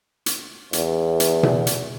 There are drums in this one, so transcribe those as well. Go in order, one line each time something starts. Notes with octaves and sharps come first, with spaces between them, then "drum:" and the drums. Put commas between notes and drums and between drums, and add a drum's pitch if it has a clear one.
drum: hi-hat
E2, drum: hi-hat
drum: hi-hat
drum: tom B2
drum: hi-hat